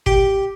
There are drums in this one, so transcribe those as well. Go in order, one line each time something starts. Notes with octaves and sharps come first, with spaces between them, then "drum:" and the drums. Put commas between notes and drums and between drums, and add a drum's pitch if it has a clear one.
G4, drum: kick